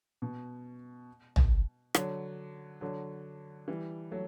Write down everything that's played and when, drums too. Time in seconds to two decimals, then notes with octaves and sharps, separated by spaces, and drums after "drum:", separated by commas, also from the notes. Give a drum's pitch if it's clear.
0.22 B2
1.36 drum: tom
1.94 D3 F#3, drum: rim click
2.81 D3 F#3
3.68 E3 G3
4.11 F#3 A3